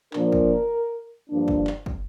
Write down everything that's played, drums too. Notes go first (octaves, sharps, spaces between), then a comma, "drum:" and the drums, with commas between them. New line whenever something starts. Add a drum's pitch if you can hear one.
A#2 F3 A#3 D4 A#4, drum: clap
drum: kick
G2 F3 A#3 D4
drum: kick
drum: clap
drum: kick